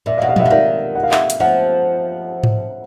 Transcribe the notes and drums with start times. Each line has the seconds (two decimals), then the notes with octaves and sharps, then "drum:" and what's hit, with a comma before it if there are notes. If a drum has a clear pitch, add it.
0.06 A#2 D5 E5
0.18 D#5 F5
0.22 B2 F#5
0.29 D#5 F5
0.36 B2 E5 F#5, drum: tom
0.46 D3 F5
0.50 D#3 D5 E5
0.95 F#5
1.03 F5
1.11 E5 F#5, drum: clap
1.30 drum: hi-hat
1.40 F3 E5 F#5
2.43 drum: tom G#2